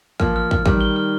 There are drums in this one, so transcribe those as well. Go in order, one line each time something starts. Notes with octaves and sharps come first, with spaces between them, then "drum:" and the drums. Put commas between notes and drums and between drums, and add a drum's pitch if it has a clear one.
F3 A#3 F6, drum: kick
F6
F6, drum: kick
D#3 G3 F6, drum: kick
G7
F6